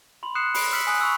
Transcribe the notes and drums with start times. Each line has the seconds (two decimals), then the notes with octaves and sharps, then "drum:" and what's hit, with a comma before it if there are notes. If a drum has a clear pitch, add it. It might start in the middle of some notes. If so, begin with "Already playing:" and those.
0.23 B5 C6 F#7
0.35 D#6 F#6 C7 C#7 E7
0.54 B5 C7 D7, drum: open hi-hat
0.72 E6 F6 B6 C#7 F#7
0.87 G#5 D#6 F#6
1.01 B5 C#6 E6